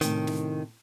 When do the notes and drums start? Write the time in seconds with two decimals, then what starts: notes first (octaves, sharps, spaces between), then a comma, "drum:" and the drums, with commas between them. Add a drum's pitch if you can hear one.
0.01 A2 C3 D#3 C#4, drum: hi-hat
0.27 drum: snare